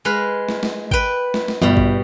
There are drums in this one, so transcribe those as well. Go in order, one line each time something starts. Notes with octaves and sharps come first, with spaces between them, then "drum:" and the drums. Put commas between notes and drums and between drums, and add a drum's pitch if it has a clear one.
G#3 B4 F5
drum: snare
drum: snare
B4 G5, drum: kick G#1
drum: snare
drum: snare
G1 B2 G3
drum: kick G#1